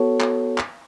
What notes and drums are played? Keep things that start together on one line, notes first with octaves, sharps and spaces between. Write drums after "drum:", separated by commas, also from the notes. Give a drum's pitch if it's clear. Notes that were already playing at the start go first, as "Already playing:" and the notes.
Already playing: B3 F#4 A4 C#5
drum: clap
drum: clap